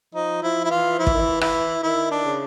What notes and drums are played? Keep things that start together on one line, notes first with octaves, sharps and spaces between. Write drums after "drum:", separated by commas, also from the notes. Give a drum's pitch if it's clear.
F3 D#4
F3 E4
E4
E3 F4
F3 E4
E3, drum: kick
D#3
E3
E4, drum: rim click
D#3 E4
D4
C#3